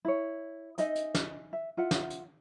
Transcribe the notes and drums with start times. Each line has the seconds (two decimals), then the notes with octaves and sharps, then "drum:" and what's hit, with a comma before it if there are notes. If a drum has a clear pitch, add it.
0.05 E4 C#5
0.78 D#4 D#5 E5 G#5, drum: hi-hat
0.95 drum: hi-hat
1.15 drum: snare
1.53 E5
1.77 F4 E5 F#5
1.91 drum: snare
2.10 drum: hi-hat